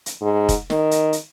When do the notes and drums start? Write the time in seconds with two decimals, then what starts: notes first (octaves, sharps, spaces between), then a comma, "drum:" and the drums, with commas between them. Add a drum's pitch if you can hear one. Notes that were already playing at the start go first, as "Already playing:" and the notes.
0.06 drum: hi-hat
0.21 G#2
0.49 drum: kick, hi-hat
0.70 D#3, drum: snare
0.91 drum: hi-hat
1.13 drum: hi-hat